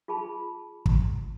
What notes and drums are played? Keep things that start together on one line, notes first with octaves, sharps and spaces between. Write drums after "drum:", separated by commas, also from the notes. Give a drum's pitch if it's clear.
F4 G#4 A5 B5
drum: kick